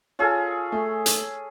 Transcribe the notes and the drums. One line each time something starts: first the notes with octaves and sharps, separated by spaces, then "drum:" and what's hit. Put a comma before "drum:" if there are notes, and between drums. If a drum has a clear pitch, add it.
C#4 F4 G#4 A4
A3
drum: hi-hat